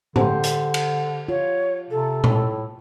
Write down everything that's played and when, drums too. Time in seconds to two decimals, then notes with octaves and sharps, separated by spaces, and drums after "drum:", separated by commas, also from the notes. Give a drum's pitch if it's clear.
0.16 D3 G4 C5, drum: tom A2
0.44 drum: hi-hat
0.74 drum: cymbal
1.29 F4 C#5
1.90 C3 A4
2.24 A2, drum: tom A#2